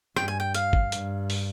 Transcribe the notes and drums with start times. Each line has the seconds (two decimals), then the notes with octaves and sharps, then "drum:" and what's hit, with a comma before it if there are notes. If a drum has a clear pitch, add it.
0.16 G2 G5, drum: rim click
0.28 G#5
0.40 G5
0.54 F5, drum: hi-hat
0.73 drum: kick
0.92 G2, drum: hi-hat
1.30 drum: open hi-hat